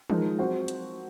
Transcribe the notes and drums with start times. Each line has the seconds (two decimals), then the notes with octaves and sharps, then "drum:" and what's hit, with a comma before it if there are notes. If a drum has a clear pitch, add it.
0.10 F3 G#3 D#4 A#4, drum: tom
0.39 F#3 C4 F#4 C5
0.68 drum: hi-hat